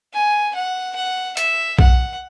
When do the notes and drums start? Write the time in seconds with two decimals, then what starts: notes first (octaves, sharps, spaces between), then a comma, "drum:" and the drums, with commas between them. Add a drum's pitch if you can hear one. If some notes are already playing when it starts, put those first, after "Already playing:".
0.13 G#5
0.54 F#5
0.95 F#5
1.37 E5, drum: hi-hat
1.79 F#5, drum: kick B1